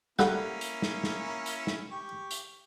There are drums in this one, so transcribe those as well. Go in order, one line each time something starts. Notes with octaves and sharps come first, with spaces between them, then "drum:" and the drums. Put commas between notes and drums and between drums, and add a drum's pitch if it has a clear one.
G3 A#3 C#4 E4 A4 F#5, drum: snare
drum: hi-hat
drum: snare
drum: snare
drum: hi-hat
drum: snare
G4 C#6
drum: hi-hat